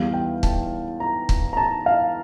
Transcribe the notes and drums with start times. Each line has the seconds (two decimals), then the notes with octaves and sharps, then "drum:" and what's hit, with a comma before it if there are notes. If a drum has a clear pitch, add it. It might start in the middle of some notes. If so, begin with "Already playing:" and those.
Already playing: E2 E3 G3 F5
0.13 G5
0.43 A5, drum: kick
1.00 A#5
1.29 drum: kick
1.53 A#5
1.57 A5
1.86 F5